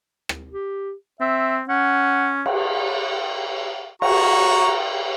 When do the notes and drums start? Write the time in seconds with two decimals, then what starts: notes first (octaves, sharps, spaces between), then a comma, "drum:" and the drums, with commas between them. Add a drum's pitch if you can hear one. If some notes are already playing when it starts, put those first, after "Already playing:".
0.29 drum: rim click
0.51 G4
1.21 C4 E5
1.69 C#4 F#5
2.46 drum: cymbal
4.02 F#4 A#5 C#6, drum: cymbal